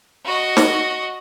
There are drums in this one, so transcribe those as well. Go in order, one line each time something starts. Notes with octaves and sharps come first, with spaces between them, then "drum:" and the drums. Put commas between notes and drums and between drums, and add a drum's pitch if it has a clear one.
F#4 D#5
drum: snare